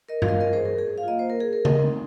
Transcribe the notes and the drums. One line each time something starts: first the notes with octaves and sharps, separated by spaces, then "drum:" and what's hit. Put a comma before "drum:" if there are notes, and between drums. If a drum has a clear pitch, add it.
A#4 D#5
F5, drum: tom G2
G#3 F4 A#4 D#5
A#4 D#5
G#4 C5
A#4
G#4
F5
A#3 F4 D#5
C5
A#4
G#4
A#4
A#4 D#5, drum: tom C#3
G#3 C4 D#4